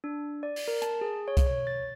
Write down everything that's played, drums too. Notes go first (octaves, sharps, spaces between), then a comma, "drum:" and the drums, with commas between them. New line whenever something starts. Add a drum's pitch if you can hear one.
D4
D5
drum: open hi-hat
A#4
A5, drum: hi-hat
G#4
C#5
drum: kick C2, hi-hat
C#5
A6